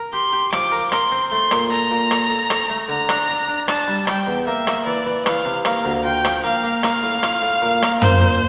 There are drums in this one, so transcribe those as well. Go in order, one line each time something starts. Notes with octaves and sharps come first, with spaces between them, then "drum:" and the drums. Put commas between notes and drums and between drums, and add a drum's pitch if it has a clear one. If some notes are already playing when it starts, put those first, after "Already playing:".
Already playing: A#4
G4 C6
G4
F3 D6, drum: rim click
A#4
A#4 C6, drum: rim click
C4
A3 C6
A#2, drum: rim click
A4 A#5
A#2
A4, drum: rim click
A4
A4, drum: rim click
A3
D3 A#5
D4, drum: rim click
D4
D4
D4 A5, drum: rim click
G3
G3 G5, drum: rim click
E2
A#3 E5
A#3, drum: rim click
E3 D5
E3
E3 F5, drum: rim click
C3
A#3 F5, drum: rim click
D2
F4 G5
F3, drum: rim click
A#3 F5
A#3
A#3 F5, drum: rim click
A2
F4, drum: rim click
A2
A#2
A#3, drum: rim click
A#2 C5, drum: tom
A#2